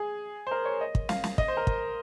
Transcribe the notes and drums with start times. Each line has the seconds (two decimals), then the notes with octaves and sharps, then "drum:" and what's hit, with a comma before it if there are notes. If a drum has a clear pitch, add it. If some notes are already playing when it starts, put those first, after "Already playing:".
Already playing: G#4
0.47 C5
0.51 A#4
0.65 C#5
0.81 D#5
0.95 drum: kick
1.09 F5, drum: snare
1.24 drum: snare
1.38 D#5, drum: kick
1.48 C5
1.57 A#4
1.67 drum: kick